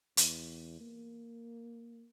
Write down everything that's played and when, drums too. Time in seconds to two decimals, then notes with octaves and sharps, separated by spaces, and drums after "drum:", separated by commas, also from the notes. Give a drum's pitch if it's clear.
0.17 E2, drum: hi-hat
0.81 A#3